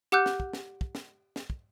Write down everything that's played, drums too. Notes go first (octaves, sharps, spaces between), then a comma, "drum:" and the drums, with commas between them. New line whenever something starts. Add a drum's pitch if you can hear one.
G4 F#5 D6 E6 F#6 G6
drum: snare
drum: kick
drum: snare
drum: kick
drum: snare
drum: snare
drum: kick